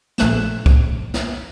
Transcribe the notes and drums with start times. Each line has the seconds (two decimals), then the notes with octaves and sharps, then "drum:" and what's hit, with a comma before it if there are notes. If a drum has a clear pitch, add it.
0.18 A#1 A3 F#6 E7, drum: snare
0.66 drum: kick
1.14 drum: snare